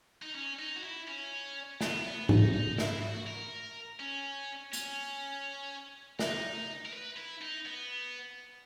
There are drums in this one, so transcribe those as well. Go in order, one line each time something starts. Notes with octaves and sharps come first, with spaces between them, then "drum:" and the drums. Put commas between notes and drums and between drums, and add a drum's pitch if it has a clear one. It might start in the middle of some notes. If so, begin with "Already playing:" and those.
D#4
C#4
D#4
F#4
E4
C#4
B3, drum: snare
B3
D#4, drum: tom G#2
D#4
E4, drum: snare
F#4
A#4
C#4
C#4, drum: hi-hat
D#4, drum: snare
A#4
B4
E4
D#4
B3